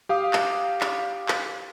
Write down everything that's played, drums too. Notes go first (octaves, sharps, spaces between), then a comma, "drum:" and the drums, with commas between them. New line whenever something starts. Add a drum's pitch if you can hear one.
G4 F5 D#6
drum: clap
drum: clap
drum: clap